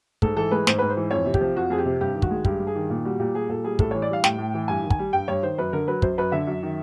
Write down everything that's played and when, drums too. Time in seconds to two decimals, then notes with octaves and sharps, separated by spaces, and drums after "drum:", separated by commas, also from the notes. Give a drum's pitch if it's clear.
0.22 G#2 A4, drum: kick
0.36 E3 A4
0.51 G#3 B4
0.67 G#2 C5, drum: snare
0.78 G#2 B4
0.90 C5
0.97 E3
1.11 F2 C#5
1.25 C3
1.34 G4, drum: kick
1.41 F3
1.56 F2 F#4
1.70 F2 G#4
1.78 G4
1.85 C3
2.00 G2 G4
2.15 D#3
2.22 F#4, drum: kick
2.31 G#3
2.45 G2 G4, drum: kick
2.60 G2
2.67 G#4
2.75 D#3
2.90 A#2
3.05 G3 F#4
3.19 A#2 G4
3.35 G3 G#4
3.49 A#2 A4
3.64 G3 G#4
3.79 A2 A4, drum: kick
3.91 E3 C#5
4.02 D5
4.09 G3 F5
4.24 A2 G5, drum: snare
4.38 A2
4.54 E3
4.68 G2 G#5
4.83 D#3
4.90 G#5, drum: kick
4.99 G3
5.13 G2 G5
5.28 G2 C#5
5.43 D#3 C5
5.58 F#2 B4
5.73 D3 A#4
5.87 F#3 B4
6.02 F#2 C5, drum: kick
6.18 F#2 B4
6.32 D3 E5
6.47 F#2
6.63 D#3